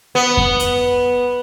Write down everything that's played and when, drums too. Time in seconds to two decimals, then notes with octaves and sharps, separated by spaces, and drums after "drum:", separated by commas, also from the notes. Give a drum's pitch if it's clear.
0.15 B3
0.37 drum: kick F2
0.60 drum: hi-hat